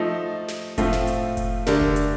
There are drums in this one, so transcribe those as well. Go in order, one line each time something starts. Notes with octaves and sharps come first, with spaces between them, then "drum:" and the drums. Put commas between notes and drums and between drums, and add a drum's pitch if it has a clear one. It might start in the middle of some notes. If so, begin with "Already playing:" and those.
Already playing: F3 A3 D#4
drum: snare
A2 F3 A3 C4 F4, drum: kick F1, hi-hat
drum: snare
drum: hi-hat
drum: kick F1, hi-hat
D3 A3 D4 G4 A#4, drum: snare
drum: kick F1
drum: hi-hat